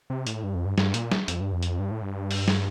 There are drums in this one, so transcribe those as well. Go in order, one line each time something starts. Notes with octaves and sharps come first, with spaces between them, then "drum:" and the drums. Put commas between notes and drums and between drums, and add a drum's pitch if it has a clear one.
C3
A2, drum: hi-hat
G2
F2
G2
G2, drum: snare
A#2, drum: hi-hat
drum: snare
F2, drum: hi-hat
G2
F2
drum: hi-hat
G2
A2
G2
drum: open hi-hat
drum: snare